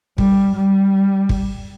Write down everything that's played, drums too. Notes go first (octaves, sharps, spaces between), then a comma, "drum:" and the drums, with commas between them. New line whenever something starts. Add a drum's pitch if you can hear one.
G3, drum: kick
G3
drum: kick